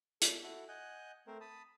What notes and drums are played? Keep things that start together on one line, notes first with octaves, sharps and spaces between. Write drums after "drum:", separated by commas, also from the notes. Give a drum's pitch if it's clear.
A4, drum: hi-hat
E4 F#4 A4
D#5 F#5 G#5 F#6 G6
A3 C4 A#4 C5
A5 B5 D#6